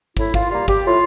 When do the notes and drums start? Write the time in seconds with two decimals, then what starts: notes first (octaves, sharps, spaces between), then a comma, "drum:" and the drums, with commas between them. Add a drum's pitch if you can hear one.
0.17 A2 E4, drum: kick
0.34 F4, drum: kick
0.51 G3 A#3 F4
0.68 G4, drum: kick
0.86 A2 F4